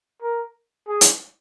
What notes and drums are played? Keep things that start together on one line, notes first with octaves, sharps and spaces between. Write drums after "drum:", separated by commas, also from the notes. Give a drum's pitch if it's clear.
A#4
G#4
drum: hi-hat